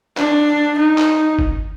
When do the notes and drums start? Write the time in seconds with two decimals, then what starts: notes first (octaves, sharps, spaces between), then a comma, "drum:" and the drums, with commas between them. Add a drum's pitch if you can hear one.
0.17 D4, drum: clap
0.78 D#4
0.98 drum: clap
1.39 drum: kick G1